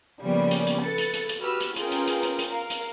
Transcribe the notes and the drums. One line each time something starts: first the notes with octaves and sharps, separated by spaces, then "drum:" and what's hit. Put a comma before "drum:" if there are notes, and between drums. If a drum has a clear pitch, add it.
C#3 F3 G3 A#3 B3 C#4
drum: hi-hat
drum: hi-hat
A4 B4 A6 C#7
drum: hi-hat
drum: hi-hat
drum: hi-hat
F#4 G4 B4 E6 F6
drum: hi-hat
C#4 F4 G#4 A#4 B4 G5, drum: hi-hat
drum: hi-hat
drum: hi-hat
drum: hi-hat
drum: hi-hat
A#4 F5
drum: hi-hat